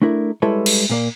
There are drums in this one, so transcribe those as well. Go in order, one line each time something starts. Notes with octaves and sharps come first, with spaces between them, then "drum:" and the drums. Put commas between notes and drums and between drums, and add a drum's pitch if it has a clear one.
A3 D4 E4 A#4
G3 G#3 E4 A4 B4 C#5
drum: cymbal
A#2 A#3 D5